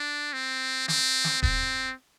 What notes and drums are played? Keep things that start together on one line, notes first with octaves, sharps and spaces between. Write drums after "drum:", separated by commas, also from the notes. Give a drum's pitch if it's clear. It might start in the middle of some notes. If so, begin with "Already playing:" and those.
Already playing: D4
C4
C4, drum: snare
drum: snare
C4, drum: kick D#1